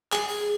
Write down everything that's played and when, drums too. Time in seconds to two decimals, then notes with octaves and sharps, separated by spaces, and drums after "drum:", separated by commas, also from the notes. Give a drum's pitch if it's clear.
0.12 G#4, drum: clap
0.28 drum: open hi-hat